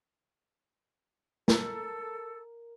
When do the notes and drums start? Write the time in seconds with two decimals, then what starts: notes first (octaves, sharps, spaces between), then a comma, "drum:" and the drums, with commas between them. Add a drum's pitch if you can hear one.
1.48 A4 A#4, drum: snare